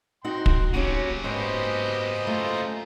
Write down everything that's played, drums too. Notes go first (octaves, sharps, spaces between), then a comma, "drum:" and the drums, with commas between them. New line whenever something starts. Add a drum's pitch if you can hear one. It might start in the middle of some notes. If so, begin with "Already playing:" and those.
D#4 F#4 F#5 G5 C6
drum: kick
C#3 F#3 C#4 F#4 G4
G#2 B3 G4 C5 D#5 C6
A3 F4 A#5